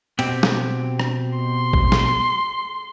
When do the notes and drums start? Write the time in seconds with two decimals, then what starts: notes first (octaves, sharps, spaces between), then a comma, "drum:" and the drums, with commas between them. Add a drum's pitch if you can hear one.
0.19 B2 C4 G4, drum: cymbal
0.43 drum: snare
1.00 drum: rim click
1.37 C6
1.73 drum: kick A1
1.92 drum: snare